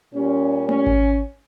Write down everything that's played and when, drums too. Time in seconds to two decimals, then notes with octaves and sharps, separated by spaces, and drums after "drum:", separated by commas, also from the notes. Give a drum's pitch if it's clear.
0.13 A#2 G3 C#4
0.69 C#4, drum: tom A3
0.86 drum: kick G#1